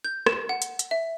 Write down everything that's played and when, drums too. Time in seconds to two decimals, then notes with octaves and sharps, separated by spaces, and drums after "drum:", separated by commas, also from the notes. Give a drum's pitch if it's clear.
0.04 G6
0.26 E7, drum: rim click
0.49 F#5
0.62 drum: hi-hat
0.79 drum: hi-hat
0.91 E5